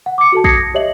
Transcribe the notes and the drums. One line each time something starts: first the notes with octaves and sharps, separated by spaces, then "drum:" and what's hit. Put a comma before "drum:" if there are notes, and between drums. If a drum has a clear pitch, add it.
F#5
D6 C#7
F#4 A4 A5
D#6 G#6 A#6 C7 C#7, drum: kick
A#6
G4 C#5 D#5 E5 F#7